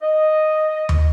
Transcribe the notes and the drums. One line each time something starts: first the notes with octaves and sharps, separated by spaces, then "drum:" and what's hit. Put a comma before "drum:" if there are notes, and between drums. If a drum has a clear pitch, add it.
D#5
drum: tom D#2